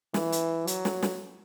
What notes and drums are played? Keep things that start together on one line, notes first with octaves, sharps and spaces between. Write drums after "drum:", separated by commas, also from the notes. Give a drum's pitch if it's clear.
E3, drum: snare
drum: hi-hat
F#3, drum: hi-hat
drum: snare
drum: snare